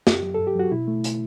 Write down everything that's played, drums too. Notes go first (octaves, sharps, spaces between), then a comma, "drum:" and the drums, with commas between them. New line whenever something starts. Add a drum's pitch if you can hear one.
F#2 G4, drum: snare
F#3
G2 A4
G4
F#3 F#4
B2 E4
A3
drum: hi-hat